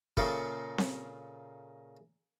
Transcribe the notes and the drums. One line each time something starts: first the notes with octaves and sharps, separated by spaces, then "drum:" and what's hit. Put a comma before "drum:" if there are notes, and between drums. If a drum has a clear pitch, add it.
A#2 C#3 A3 A#3 C#6, drum: kick
drum: snare C4